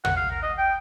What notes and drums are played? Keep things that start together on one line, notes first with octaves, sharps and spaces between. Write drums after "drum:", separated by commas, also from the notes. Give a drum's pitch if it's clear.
F#5, drum: tom
F5
A#4
D#5
G5